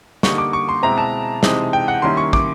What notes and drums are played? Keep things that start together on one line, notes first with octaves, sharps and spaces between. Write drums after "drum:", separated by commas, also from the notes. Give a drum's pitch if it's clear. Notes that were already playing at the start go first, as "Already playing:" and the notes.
D3 G3 A#3 D#4 C#6, drum: snare
D6
C#6
C6
B2 G#3 C4 E4 A#5
A5
C3 E3 G#3 C4 D#4, drum: snare
G5
F#5
D#3 G3 A#3 C#4 E4 C6
C#6
D6, drum: kick